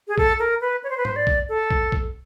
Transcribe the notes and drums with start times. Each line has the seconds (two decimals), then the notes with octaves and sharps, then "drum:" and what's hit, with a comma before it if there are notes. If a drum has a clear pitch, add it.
0.08 G#4
0.18 A4, drum: kick
0.39 A#4
0.61 B4
0.84 C#5
0.90 C5
0.97 B4
1.05 C5, drum: tom G#2
1.16 D5
1.27 drum: kick
1.49 A4
1.71 drum: kick
1.92 drum: kick